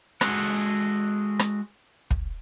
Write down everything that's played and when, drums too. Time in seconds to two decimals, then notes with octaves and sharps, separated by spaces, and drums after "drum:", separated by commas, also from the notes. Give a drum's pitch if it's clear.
0.21 G#3 F#4 G#4 A4 F#5, drum: rim click
1.39 drum: rim click
2.10 drum: kick